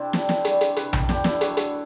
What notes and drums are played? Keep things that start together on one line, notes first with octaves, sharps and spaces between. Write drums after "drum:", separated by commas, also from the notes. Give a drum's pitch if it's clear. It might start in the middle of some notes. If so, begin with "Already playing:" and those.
Already playing: C3 C4 D4 E4
A2 G3, drum: snare
drum: snare
D3 G3, drum: hi-hat
drum: hi-hat
C3 E3 G3 B4, drum: hi-hat
drum: tom A#1
D3 G3 G4, drum: snare
E4, drum: snare
D3 F#3 A3 F#4, drum: hi-hat
drum: hi-hat